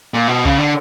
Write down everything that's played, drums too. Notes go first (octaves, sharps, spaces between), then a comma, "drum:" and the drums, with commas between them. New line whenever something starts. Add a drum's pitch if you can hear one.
A#2
B2
C#3, drum: kick
D3